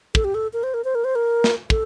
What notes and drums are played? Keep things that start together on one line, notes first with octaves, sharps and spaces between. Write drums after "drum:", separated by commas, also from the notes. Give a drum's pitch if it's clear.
A4, drum: kick
G4
A4
A#4
C5
A#4
C5
A#4
C5
A#4
drum: snare
A4, drum: kick